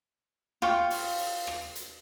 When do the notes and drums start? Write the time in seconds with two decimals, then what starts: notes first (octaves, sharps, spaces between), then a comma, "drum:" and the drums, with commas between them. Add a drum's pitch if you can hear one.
0.62 F4 F5 G5 C#6, drum: rim click
0.90 drum: open hi-hat
1.19 drum: open hi-hat
1.47 drum: rim click
1.75 drum: hi-hat